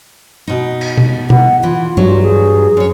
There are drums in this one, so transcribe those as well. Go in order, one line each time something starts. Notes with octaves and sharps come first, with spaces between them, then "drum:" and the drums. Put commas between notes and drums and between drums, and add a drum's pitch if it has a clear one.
B2 D#4
drum: cymbal
drum: tom B2
F#5, drum: tom B2
E3 F4
G2 F#3
G#4
F#2 C#5